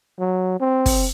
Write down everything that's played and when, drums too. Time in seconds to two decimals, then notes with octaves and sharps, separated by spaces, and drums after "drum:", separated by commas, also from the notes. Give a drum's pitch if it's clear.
0.19 F#3
0.60 C4
0.86 drum: kick, open hi-hat